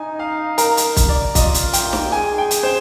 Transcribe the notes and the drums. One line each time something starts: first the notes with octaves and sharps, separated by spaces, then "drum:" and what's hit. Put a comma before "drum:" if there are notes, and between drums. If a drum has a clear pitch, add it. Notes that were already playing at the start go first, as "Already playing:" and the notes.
Already playing: D#4 G#5
F5
A#4, drum: hi-hat
drum: hi-hat
drum: kick, hi-hat
D5
F4 D#5, drum: kick, hi-hat
drum: hi-hat
G5, drum: hi-hat
drum: snare
G#4 G#5
G5
drum: hi-hat
C5